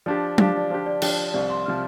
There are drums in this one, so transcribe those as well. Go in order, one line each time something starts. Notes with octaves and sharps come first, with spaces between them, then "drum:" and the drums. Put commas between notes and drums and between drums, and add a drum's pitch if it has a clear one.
F3 D4 G4 D5
F3 D4 G4 F5, drum: tom F#3
D5
F3 D4 G4 C5
D5
F3 D4 G4 G5, drum: cymbal
C2 C3 F3 D5
C6
C3 F3 F6